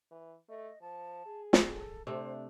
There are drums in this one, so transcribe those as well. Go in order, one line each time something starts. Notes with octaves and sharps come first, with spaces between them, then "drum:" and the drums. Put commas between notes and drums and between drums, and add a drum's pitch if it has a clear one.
E3
A3 D#5
F3 A5
G#4
drum: snare
A4
C3 A3 D4 C5